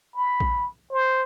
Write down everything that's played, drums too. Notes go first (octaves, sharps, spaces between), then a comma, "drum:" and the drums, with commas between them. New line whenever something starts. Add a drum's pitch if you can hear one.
B5
drum: kick
C5